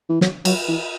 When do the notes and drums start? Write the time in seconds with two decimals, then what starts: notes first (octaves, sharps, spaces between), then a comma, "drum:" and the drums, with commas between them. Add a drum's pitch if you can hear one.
0.10 E3
0.21 F#3, drum: snare
0.45 F#3, drum: cymbal
0.68 E3